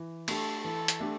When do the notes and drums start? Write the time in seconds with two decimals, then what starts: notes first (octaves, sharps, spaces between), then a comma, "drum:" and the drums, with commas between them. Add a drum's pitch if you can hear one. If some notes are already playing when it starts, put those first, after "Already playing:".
Already playing: E3
0.28 A3 D4 G4 A4, drum: cymbal
0.64 E3 A4
0.88 drum: hi-hat
1.00 A3 D4 G4